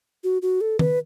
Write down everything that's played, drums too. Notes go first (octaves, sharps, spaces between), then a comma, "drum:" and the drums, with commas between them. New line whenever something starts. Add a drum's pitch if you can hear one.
F#4
F#4
A4
B4, drum: tom D#3